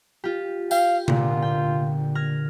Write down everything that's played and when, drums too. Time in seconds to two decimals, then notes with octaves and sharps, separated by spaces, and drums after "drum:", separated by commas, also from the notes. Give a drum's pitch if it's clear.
0.24 F4 G4
0.71 F5 G5, drum: tambourine
1.08 A#2 D3 F4, drum: tom C3
1.42 G5
2.15 F6 G#6 A#6